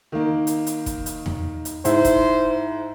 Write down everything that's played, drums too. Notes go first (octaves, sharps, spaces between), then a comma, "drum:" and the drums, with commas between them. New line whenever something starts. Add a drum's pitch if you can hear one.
D#3 A#3
drum: hi-hat
drum: hi-hat
drum: kick, hi-hat
drum: hi-hat
drum: tom E2
drum: hi-hat
G#2 E4 C5, drum: hi-hat
drum: kick, hi-hat